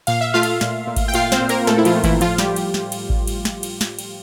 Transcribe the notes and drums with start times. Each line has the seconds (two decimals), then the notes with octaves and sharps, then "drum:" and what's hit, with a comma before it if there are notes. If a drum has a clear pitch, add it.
0.07 A#2 F5, drum: cymbal
0.21 E5
0.34 A3 F4 F5
0.43 drum: cymbal
0.61 A#2, drum: snare
0.87 A#2
0.96 drum: kick G#1, cymbal
1.08 G5
1.14 A#2 F4 F5, drum: cymbal
1.32 C4 C5, drum: snare
1.41 A#2
1.49 A#3 A#4, drum: cymbal
1.67 A#2 A3 A4, drum: snare
1.78 E4
1.85 F3 F4, drum: cymbal
1.95 A3
2.04 E3 E4, drum: kick G#1, cymbal
2.21 A2 F3 F4, drum: cymbal
2.38 G3 G4, drum: snare
2.56 drum: cymbal
2.74 drum: snare
2.92 drum: cymbal
3.10 drum: kick G#1
3.27 drum: cymbal
3.45 drum: snare
3.63 drum: cymbal
3.81 drum: snare
3.99 drum: cymbal